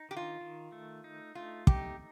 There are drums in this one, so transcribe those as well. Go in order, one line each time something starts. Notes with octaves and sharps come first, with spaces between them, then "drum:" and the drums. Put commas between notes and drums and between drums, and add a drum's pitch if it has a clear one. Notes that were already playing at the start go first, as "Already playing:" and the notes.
Already playing: D#4
D#3 G4
F4
D#3
A3
D#4
A3 F4
D#4 G4, drum: kick